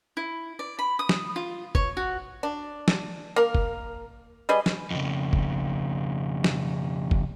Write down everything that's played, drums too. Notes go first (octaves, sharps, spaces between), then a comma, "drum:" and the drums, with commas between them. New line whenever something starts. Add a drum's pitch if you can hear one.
E4
D5
B5
D#6
drum: snare
F4
C#5, drum: kick
F#4
D4
drum: snare
A#3 A#4
drum: kick
G3 G#4 B4 D#5
drum: snare
F2 C#3
drum: kick
drum: snare
drum: kick